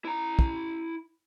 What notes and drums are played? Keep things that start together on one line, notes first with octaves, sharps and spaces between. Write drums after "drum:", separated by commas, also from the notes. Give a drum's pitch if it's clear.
E4 A#5
drum: kick